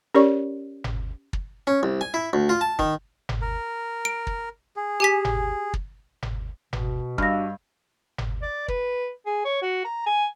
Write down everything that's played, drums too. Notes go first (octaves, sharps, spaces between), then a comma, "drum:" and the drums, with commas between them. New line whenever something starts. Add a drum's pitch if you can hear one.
C#4 G4 A#4 C#5 D5 C#6
drum: tom G1
drum: kick
C#4
C2
G#5
E4
D2
F4
A5
D#3, drum: kick
drum: tom G1
A#4
D7
drum: kick
G#4
G4 G#5 B6
drum: tom G1
drum: kick
drum: tom G1
B2, drum: tom G1
G2 D4 F#4 D#5 F5 E6 F6 A#6, drum: kick
drum: tom G1
D5
B4, drum: kick
G#4
C#5
F#4
A#5
G#5